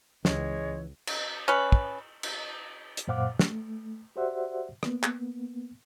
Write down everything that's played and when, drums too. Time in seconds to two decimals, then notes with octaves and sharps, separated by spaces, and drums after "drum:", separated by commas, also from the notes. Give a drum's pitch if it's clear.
0.25 C#2 E3 G#3 C#5, drum: snare
1.07 drum: cymbal
1.48 C#4 B4
1.72 drum: kick
2.23 drum: cymbal
2.97 drum: hi-hat
3.08 F#2 A#2 C5 F5 F#5 D6
3.39 A3, drum: snare
4.16 F#4 G4 C5 D5 E5 F#5
4.83 A#3 B3, drum: rim click
5.03 drum: clap